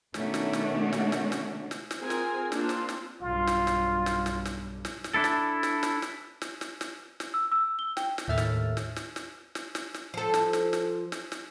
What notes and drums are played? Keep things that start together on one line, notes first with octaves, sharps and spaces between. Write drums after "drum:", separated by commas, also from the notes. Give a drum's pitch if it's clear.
B2 D#3 A3 C#4 D4 F#4, drum: snare
drum: snare
drum: snare
drum: snare
drum: snare
drum: snare
drum: snare
drum: snare
C4 F4 G#4 A#4 G#5
drum: snare
A#3 C4 D4 F4, drum: snare
drum: snare
drum: snare
B1 G2 F4
drum: snare
drum: snare
drum: snare
drum: snare
drum: snare
drum: snare
drum: snare
D4 E4 A4
drum: snare
drum: snare
drum: snare
drum: snare
drum: snare
drum: snare
drum: snare
drum: snare
E6
E6
G7
G5, drum: snare
drum: snare
D#2 A2 A3 E5 F6 A6
drum: snare
drum: snare
drum: snare
drum: snare
drum: snare
drum: snare
drum: snare
F3 A4
drum: snare
drum: snare
drum: snare
drum: snare
drum: snare